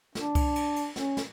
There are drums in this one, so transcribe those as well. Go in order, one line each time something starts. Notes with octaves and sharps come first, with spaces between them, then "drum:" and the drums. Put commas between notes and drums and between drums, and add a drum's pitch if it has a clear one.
D4, drum: snare
drum: kick C2, cymbal
drum: cymbal
drum: cymbal
C#4, drum: snare
drum: snare